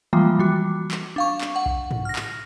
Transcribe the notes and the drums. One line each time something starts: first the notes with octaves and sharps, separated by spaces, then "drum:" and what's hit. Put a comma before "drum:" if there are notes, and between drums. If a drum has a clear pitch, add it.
E3 F3 G3 G#3 A#3 F4
E3 G3 F#4
drum: clap
D4 F5 C#6
drum: clap
F#5
drum: kick B1
drum: tom
F6 A#6
drum: clap